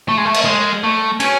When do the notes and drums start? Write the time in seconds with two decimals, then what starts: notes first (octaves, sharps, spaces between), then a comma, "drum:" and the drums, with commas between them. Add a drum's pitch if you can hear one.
0.09 A3
0.17 G#3
0.25 A3
0.34 drum: cymbal
0.45 G#3
0.84 A3
1.20 C#4, drum: cymbal